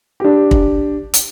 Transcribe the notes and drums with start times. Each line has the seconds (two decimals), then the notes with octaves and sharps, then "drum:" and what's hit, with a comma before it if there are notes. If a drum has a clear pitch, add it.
0.20 D4 G4
0.51 drum: kick
1.14 drum: hi-hat